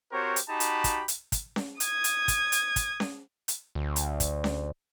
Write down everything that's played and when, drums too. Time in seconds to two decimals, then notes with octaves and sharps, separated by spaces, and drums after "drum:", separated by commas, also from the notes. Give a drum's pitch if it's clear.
0.12 C4 F#4 G4 A#4 C5 C#5
0.36 drum: hi-hat
0.49 D#4 F#4 G4 A5 B5
0.60 drum: hi-hat
0.84 drum: kick, hi-hat
1.08 drum: hi-hat
1.32 drum: kick, hi-hat
1.56 drum: snare C#4
1.80 D#6 G#6, drum: hi-hat
2.04 drum: hi-hat
2.28 drum: kick, hi-hat
2.52 drum: hi-hat
2.76 drum: kick, hi-hat
3.00 drum: snare C#4
3.48 drum: hi-hat
3.75 D2
3.96 drum: hi-hat
4.20 drum: kick, hi-hat
4.44 drum: snare C#4